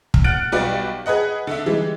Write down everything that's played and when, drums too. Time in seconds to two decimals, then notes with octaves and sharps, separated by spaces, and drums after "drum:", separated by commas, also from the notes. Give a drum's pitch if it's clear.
0.14 drum: kick
0.24 F#5 F6 F#6 A6 D7
0.52 B1 G3 F#4 B4 D5 G5
1.06 G#4 B4 D#5 F#5
1.47 D3 E5
1.66 E3 G3 G#3